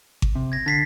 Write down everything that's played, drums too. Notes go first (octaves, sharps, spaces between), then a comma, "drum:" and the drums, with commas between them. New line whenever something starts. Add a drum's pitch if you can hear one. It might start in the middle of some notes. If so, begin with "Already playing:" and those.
drum: kick G#1
C3
G#6 A#6
D3 A6 B6 C7